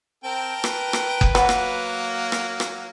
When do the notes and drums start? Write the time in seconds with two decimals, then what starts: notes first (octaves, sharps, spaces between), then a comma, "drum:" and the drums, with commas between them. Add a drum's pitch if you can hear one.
0.24 C4 A#4 G5 A5
0.64 B4, drum: rim click
0.93 drum: rim click
1.21 drum: kick F#1
1.35 F#3 A#3 B3, drum: rim click
1.49 drum: rim click
2.32 drum: rim click
2.60 drum: rim click